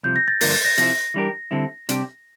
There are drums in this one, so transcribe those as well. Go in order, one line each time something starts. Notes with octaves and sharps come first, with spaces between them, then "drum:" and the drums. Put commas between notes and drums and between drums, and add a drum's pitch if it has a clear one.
C2 C3 F3 G6
A#6
A6
G2 D3 F3 A#3 A6, drum: open hi-hat
A6
A#6
C3 F3 C4 E4 A#6, drum: hi-hat
E3 G3 D4 G4 A#4
D3 G3 C4 E4 A4
C3 G3 D4 G4, drum: hi-hat